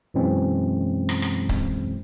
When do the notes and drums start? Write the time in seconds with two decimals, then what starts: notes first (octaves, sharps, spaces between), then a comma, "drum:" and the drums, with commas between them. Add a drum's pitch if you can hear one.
0.14 F#2 B2 E3 G#3 C4 C#4
1.09 drum: rim click
1.22 drum: rim click
1.49 drum: kick C#1